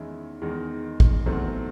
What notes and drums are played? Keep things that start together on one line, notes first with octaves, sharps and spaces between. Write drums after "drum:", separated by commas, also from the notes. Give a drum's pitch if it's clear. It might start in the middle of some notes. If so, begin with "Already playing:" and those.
Already playing: E2 D#3 G#3 C#4 E4
E2 D#3 G#3 D#4
drum: kick
E2 D#3 F#3 A3 C4